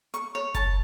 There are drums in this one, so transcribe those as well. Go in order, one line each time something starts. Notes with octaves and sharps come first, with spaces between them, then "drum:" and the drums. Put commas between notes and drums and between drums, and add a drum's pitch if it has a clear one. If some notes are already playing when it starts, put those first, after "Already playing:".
C#6, drum: hi-hat
C#5
A5, drum: kick F#1, hi-hat